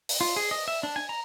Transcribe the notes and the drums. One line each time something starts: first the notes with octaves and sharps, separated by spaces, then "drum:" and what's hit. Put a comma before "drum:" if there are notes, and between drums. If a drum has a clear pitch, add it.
drum: open hi-hat
F4
G#4
D#5
E5
D4
G#5
A#5